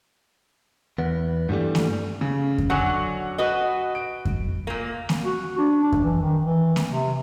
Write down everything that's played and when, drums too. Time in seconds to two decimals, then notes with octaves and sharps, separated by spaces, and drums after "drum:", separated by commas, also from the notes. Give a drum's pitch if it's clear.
0.98 E2 B3
1.49 G2 E3 G3 A3
1.75 drum: snare A#3
2.21 C#3
2.58 drum: kick F2
2.70 D3 F#3 F#5 G#5 F#6
3.38 F#4 B4 D#5
3.95 D7
4.25 drum: kick F2
4.67 A#2 A#3
5.09 drum: snare A#3
5.25 F#4
5.58 D4
5.83 D4
5.92 drum: kick F2
6.04 E3
6.22 D#3
6.45 E3
6.76 drum: snare A#3
6.89 C3